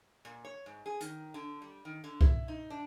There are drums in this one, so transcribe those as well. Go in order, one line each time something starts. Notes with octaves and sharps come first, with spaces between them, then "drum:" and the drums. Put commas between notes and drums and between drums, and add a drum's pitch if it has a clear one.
A#2
C#5
G#2
G#4
D#3, drum: hi-hat
D3
G3
D#3
D3
E4, drum: kick C2
D#4
D4